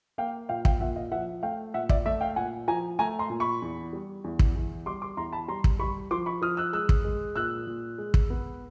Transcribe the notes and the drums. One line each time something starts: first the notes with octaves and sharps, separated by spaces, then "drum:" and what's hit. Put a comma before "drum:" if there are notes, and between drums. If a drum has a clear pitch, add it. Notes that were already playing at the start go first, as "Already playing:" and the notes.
A#3 F5 G5
A#2 F5 G5
F5 G5, drum: kick
A#2 E5 F#5
D#5 F5
F3 E5 F#5
A3 F5 G5
A#2 E5 F#5
D5 E5, drum: kick
A3 D5 E5
F5 G5
A#2 F#5 G#5
F3 G#5 A#5
A3 G#5 A#5
A#5 C6
A#2
B5 C#6
E2
G3
E2
drum: kick
E2
G3 C6 D6
C6 D6
E2 A#5 C6
A5 B5
G3 A#5 C6
drum: kick
G3 B5 C#6
F3 C6 D6
B5 C#6
F3 D#6 F6
E6 F#6
G#3 E6 F#6
drum: kick
G#3
A#2 E6 F#6
A#2
G#3
drum: kick
B3